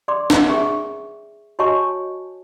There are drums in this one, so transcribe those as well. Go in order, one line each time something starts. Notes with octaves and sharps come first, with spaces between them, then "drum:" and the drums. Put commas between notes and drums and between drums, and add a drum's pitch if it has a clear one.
D5 C6 D6
drum: snare
G#4 E5 G5 C#6
F#4 C#5 D#5 G#5 A5 C#6